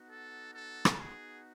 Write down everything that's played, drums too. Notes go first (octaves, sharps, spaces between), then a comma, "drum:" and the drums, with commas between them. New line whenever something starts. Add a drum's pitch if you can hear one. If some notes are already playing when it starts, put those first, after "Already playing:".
Already playing: B3 D#4 F#4
A4
A4
drum: rim click
G#4